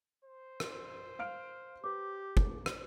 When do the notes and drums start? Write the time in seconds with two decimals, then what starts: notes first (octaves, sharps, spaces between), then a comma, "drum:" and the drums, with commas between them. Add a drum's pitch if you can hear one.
0.25 C5
0.60 drum: rim click
1.19 F5 F6 D7
1.84 G4 B4 D6
2.37 drum: kick
2.66 drum: rim click